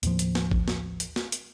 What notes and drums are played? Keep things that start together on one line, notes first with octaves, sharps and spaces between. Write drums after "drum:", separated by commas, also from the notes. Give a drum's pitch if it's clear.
D#2 A2 F3, drum: hi-hat
drum: hi-hat
drum: snare
drum: kick A1
drum: snare
drum: hi-hat
drum: snare
drum: hi-hat